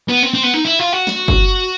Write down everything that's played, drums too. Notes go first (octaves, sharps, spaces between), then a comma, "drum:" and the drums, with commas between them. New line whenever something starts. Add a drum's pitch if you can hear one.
B3
C4
C4
B3
D#4
E4
F4
F#4
drum: snare
drum: kick